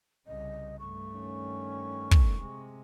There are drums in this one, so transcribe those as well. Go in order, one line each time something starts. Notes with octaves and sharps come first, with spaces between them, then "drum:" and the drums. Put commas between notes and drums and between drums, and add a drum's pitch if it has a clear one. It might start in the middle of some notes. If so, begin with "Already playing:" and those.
C2 C#3 D#5
G2 A3 C#6
D#3 C#4
drum: kick
C3 G#3